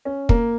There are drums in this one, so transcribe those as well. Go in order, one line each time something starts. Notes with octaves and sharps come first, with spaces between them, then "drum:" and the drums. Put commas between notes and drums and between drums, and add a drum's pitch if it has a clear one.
C#4
A#3, drum: kick